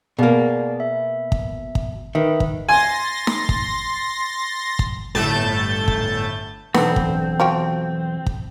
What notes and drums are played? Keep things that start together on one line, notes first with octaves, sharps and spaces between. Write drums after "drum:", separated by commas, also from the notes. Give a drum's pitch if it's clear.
B2 A#3 G#4 D5 F5
E5
drum: kick
drum: kick
D#3 B4 E5
drum: kick
G#5 C6 A6 A#6
drum: snare D#4
drum: kick
drum: kick
G1 A2 A3 A5 G6 A6
drum: kick
B1 E2 D3 B3 C4, drum: snare D#4
drum: kick
F3 F#4 G5
drum: kick